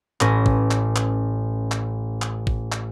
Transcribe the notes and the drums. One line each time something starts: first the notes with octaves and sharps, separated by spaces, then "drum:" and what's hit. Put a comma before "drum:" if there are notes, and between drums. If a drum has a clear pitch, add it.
A1 C#4 B4 A#6, drum: clap
drum: kick A1
drum: clap
drum: clap
drum: clap
drum: clap
drum: kick A1
drum: clap